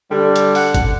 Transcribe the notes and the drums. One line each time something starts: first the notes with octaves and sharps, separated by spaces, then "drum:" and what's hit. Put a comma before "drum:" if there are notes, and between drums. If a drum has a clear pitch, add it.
D3 G3
drum: hi-hat
F#5, drum: open hi-hat
drum: kick G1, hi-hat